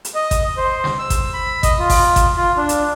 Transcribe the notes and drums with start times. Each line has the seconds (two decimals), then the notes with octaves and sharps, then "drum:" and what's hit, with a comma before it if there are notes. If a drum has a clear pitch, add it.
0.05 drum: hi-hat
0.15 D#5
0.31 drum: kick A1, hi-hat
0.57 C5
0.84 drum: snare
0.99 E6
1.10 drum: kick A1, hi-hat
1.34 B5
1.63 D#5, drum: kick A1, hi-hat
1.79 F4
1.90 drum: kick A1, open hi-hat
2.16 drum: kick A1, hi-hat
2.37 F4
2.57 D4
2.69 drum: hi-hat